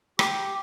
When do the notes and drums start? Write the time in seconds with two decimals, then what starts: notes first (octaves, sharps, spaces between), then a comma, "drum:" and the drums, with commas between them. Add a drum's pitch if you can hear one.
0.19 G4, drum: rim click